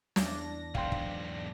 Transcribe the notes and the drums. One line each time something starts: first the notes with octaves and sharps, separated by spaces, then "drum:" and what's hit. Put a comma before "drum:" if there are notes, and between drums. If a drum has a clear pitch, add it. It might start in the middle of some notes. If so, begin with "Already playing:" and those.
E2 D4 A#6, drum: snare
B1 G#2 F5 G5 C6, drum: kick
drum: kick